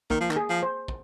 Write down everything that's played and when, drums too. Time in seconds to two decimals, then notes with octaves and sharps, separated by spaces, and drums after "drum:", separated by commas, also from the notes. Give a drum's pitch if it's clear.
0.10 D#3 A#3, drum: kick
0.21 F3
0.31 D#3, drum: clap
0.36 G#4
0.50 F3
0.63 C5
0.88 drum: kick